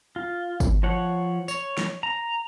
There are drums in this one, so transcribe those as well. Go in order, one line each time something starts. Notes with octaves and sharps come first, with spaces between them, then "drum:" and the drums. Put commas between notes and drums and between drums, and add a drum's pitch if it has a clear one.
F4
drum: kick G1, tambourine
F3 C#5 F#5
C#5, drum: tambourine
drum: snare
A#5